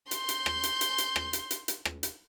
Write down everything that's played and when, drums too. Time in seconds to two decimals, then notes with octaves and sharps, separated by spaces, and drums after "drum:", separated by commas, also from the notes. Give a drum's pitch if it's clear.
0.11 C6 G6, drum: hi-hat
0.29 drum: hi-hat
0.46 drum: rim click
0.63 drum: hi-hat
0.81 drum: hi-hat
0.98 drum: hi-hat
1.16 drum: rim click
1.33 drum: hi-hat
1.51 drum: hi-hat
1.68 drum: hi-hat
1.85 drum: rim click
2.03 drum: hi-hat